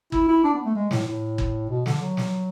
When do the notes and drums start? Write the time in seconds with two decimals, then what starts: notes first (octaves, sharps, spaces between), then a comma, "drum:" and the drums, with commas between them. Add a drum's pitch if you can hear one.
0.12 E4, drum: kick
0.28 E4
0.44 D4
0.54 B3
0.65 A3
0.75 G#3
0.91 A2, drum: snare
1.07 A2
1.38 drum: kick
1.69 B2
1.86 D3, drum: snare
2.01 F#3
2.17 drum: snare